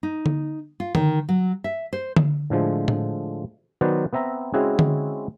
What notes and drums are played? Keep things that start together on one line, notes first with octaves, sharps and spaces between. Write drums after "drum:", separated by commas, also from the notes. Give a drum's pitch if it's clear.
D#4
drum: tom D3
F4
D#3, drum: tom D3
F#3
E5
C5
drum: tom D3
A2 D3 F3 G#3
drum: tom A2
D#3 F#3 B3 B4 C5 D5
B3 C4 E5 A#5
G#3 C4 C#4 E4 F#4 G#4
drum: tom D3